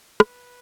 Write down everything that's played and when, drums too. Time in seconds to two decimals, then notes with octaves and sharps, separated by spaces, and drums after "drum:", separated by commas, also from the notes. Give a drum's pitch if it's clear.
0.20 B4, drum: rim click